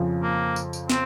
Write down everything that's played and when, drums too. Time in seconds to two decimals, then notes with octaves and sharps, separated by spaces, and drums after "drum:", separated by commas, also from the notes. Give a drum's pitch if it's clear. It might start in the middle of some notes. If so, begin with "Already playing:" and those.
Already playing: F2 C#3 F3
0.23 A#3
0.56 drum: tambourine
0.73 drum: tambourine
0.90 C4, drum: snare